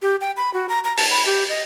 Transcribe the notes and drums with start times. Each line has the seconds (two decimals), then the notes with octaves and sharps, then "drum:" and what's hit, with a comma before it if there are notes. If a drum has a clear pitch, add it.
0.02 G4
0.21 G5
0.37 B5
0.54 F#4
0.69 A#5
0.84 A#5
0.97 A5, drum: open hi-hat
1.11 B5
1.26 G4
1.49 D#5